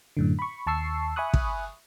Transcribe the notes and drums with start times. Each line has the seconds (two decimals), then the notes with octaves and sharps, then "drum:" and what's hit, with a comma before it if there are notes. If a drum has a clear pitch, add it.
0.17 F#2 A2 D3
0.39 B5 C#6
0.66 D#2 A5 C#6 E6 C7
1.16 E5 G#5 B5 C#6 D#6 F#6
1.34 drum: kick